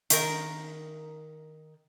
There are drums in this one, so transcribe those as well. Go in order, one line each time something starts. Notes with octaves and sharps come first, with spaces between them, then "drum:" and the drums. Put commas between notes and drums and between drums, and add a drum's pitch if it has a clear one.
D#3 A#4, drum: hi-hat